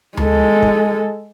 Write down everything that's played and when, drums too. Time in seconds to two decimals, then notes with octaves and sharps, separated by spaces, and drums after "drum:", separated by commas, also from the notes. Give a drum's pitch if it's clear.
0.17 G#3 A4, drum: tom D2
0.62 drum: kick